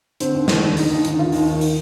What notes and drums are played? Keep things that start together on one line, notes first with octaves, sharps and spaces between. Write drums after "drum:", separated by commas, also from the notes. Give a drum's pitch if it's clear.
D3 C4, drum: hi-hat
D#2
D#2, drum: snare
D3
D3 D#4, drum: open hi-hat
D#2 D#4
D3 D#4, drum: hi-hat
D#2 F4
D#2 D#4, drum: open hi-hat
D#3
drum: open hi-hat